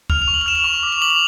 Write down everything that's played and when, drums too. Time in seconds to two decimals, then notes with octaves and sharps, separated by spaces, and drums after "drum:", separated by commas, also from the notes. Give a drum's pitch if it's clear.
0.10 F6 F7, drum: kick
0.22 F7
0.28 C#6
0.34 F#7
0.41 F7
0.46 F6 E7
0.55 F7
0.64 C#6
0.83 D6
0.92 F7
1.01 D6 F#7
1.10 F7